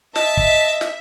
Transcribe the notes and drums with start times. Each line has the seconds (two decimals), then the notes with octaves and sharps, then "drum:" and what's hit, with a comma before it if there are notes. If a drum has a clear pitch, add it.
0.16 D#5 E5 A5, drum: snare
0.37 drum: kick
0.81 drum: snare